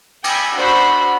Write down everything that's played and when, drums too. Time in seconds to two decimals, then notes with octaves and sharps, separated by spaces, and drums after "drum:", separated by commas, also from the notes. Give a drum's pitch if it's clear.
0.24 G5 G#5 B5, drum: cymbal
0.55 D4 F#4 C5 B5